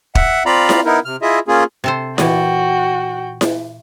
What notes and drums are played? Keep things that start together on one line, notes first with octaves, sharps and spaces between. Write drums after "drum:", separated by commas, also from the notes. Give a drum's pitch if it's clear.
E5 F#5, drum: kick
C4 F4 D5 F5 A#5 B5
drum: snare E4
B3 D#4 E4 A#4
C3 F6
E4 F4 G#4 D#5 E5
A#3 C#4 F4 G#4
C3 A4 C5
A#2 E3 F#4 D5 G5, drum: snare E4
drum: snare E4